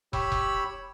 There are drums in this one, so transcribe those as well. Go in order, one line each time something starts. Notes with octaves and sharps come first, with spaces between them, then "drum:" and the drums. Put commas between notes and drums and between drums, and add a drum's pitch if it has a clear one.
G4 C#5 B5 E6, drum: kick
drum: kick